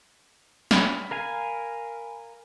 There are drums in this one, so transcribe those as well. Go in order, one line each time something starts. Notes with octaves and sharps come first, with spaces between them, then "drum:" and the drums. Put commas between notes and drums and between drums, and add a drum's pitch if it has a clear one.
B5 F6, drum: snare
A#4 F5 G#5